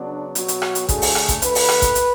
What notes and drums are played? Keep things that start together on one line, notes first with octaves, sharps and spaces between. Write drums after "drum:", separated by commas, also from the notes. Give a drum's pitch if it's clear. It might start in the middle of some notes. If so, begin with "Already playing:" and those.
Already playing: C#3 F#3 B3 D4
B2 F#3 B3 F#4, drum: hi-hat
drum: hi-hat
drum: rim click
drum: hi-hat
D3 A3 G#4, drum: kick, hi-hat
drum: open hi-hat
drum: rim click
drum: kick, hi-hat
D3 A3 B4, drum: hi-hat
drum: open hi-hat
drum: rim click
drum: kick, hi-hat
drum: hi-hat